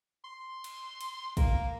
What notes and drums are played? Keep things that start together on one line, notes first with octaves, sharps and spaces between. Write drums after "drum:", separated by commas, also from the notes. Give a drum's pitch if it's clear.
C6
drum: cymbal
drum: cymbal
A#3, drum: kick, cymbal